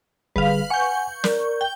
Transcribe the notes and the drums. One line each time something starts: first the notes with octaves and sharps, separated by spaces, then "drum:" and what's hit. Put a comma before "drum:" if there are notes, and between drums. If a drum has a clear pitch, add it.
D3 G3 G#4 B4 F5, drum: kick
F#5 G#5 C#6 G6
A#4 D5, drum: snare
G5